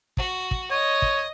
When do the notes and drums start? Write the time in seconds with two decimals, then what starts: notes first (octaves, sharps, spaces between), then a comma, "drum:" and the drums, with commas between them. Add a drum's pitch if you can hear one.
0.17 F#4, drum: kick
0.51 drum: kick
0.71 C#5 D#5
1.02 drum: kick